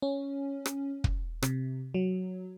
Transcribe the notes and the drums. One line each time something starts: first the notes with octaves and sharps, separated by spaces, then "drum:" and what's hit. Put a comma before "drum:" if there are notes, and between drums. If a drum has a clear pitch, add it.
C#4
drum: rim click
drum: kick
C3, drum: rim click
F#3